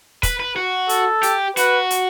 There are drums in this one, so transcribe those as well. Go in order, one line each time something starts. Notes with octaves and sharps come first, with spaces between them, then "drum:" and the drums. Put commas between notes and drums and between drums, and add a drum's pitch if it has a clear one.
B4, drum: kick, hi-hat
B4
F#4
A4, drum: hi-hat
G4, drum: hi-hat
F#4 B4, drum: hi-hat
drum: hi-hat